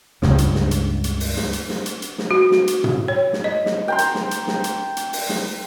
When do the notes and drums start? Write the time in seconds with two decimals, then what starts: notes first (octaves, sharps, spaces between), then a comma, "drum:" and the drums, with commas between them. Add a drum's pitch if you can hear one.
0.22 C#2 G2 C#3, drum: snare
0.38 drum: hi-hat
0.55 drum: snare
0.71 drum: hi-hat
1.04 drum: hi-hat
1.20 drum: open hi-hat
1.37 drum: snare
1.53 drum: hi-hat
1.69 drum: snare
1.86 drum: hi-hat
2.02 drum: hi-hat
2.18 drum: snare
2.31 F#4
2.51 drum: snare
2.67 drum: hi-hat
2.84 drum: tom
3.08 C#5
3.33 drum: snare
3.44 D#5
3.66 drum: snare
3.88 G5 A#5 C6
3.98 drum: hi-hat
4.15 drum: snare
4.31 drum: hi-hat
4.47 drum: snare
4.64 drum: hi-hat
4.97 drum: hi-hat
5.13 drum: open hi-hat
5.29 drum: snare